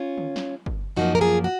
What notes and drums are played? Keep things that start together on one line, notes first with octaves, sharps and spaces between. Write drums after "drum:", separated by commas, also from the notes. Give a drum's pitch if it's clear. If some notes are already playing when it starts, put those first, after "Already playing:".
Already playing: C#4 F4
drum: tom D3
drum: snare
drum: kick
F#2 F3 A#3 D#4 F#4
A#4
F4 G#4
F#4